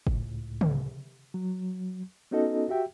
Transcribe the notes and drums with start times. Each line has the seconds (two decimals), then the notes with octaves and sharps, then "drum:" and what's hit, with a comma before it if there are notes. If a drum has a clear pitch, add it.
0.07 C#2 A2, drum: kick G1
0.61 drum: tom
1.34 F#3
2.31 B3 C#4 D#4 F#4 A4 D#5
2.69 F#4 G4 E5 G5